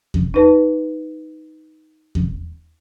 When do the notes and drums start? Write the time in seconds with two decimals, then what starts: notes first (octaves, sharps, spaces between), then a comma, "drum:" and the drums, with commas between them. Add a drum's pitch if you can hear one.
0.14 drum: kick E2
0.34 D#4 B4 A5
2.15 drum: kick E2